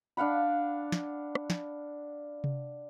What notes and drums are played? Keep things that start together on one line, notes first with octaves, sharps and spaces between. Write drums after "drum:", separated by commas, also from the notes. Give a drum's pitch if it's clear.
D4 F5 F#5 B5
drum: snare
drum: rim click
drum: snare
drum: tom C3